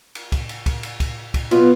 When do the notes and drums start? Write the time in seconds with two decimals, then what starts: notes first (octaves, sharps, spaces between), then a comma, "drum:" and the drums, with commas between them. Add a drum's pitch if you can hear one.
0.15 drum: cymbal
0.32 drum: kick, cymbal
0.49 drum: cymbal
0.66 drum: kick, cymbal
0.83 drum: cymbal
1.00 drum: kick, cymbal
1.34 drum: kick, cymbal
1.51 B2 F#3 B3 F4, drum: cymbal